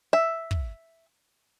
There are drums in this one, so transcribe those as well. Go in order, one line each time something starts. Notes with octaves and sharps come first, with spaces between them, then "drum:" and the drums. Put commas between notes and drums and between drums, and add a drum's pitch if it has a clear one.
E5
drum: kick